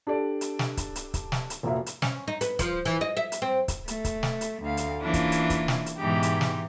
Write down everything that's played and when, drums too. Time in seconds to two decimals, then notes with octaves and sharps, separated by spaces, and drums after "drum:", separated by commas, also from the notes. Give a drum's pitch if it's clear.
0.07 D4 G4 A4 D5
0.41 drum: hi-hat
0.59 drum: snare
0.77 drum: kick C#1, hi-hat
0.96 drum: hi-hat
1.14 drum: kick C#1, hi-hat
1.32 drum: snare
1.50 drum: hi-hat
1.63 F1 A#1 A#3 F#4 E5
1.86 drum: hi-hat
2.02 C#4, drum: snare
2.28 D#4
2.41 B3, drum: hi-hat
2.59 F3, drum: kick C#1, hi-hat
2.85 E3
3.01 D#5
3.17 E5
3.32 drum: hi-hat
3.42 C4
3.68 drum: kick C#1, hi-hat
3.88 A3, drum: hi-hat
4.05 drum: kick C#1, hi-hat
4.23 drum: snare
4.41 drum: hi-hat
4.63 D2 F5
4.77 drum: hi-hat
5.01 E3 A#3 C#4 D4 E4 F4
5.14 drum: kick C#1, hi-hat
5.32 drum: hi-hat
5.50 drum: kick C#1, hi-hat
5.68 drum: snare
5.86 drum: hi-hat
5.99 G#2 B2 E3 G#3 D#4 G4
6.23 drum: hi-hat
6.41 drum: snare